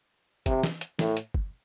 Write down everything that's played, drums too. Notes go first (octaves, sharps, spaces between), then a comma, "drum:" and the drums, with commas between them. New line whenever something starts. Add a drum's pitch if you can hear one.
C3, drum: kick F#1, hi-hat
drum: snare
drum: hi-hat
A2, drum: snare
drum: hi-hat
drum: kick F#1